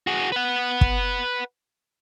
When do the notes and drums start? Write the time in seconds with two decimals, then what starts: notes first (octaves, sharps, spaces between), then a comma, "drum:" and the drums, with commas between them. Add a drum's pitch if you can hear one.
0.07 F#4 G#4
0.32 B4 F#5
0.81 drum: kick